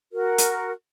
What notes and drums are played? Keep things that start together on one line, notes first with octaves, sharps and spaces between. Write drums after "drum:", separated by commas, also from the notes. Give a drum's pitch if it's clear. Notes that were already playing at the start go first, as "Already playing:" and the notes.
F#4 A#4
drum: hi-hat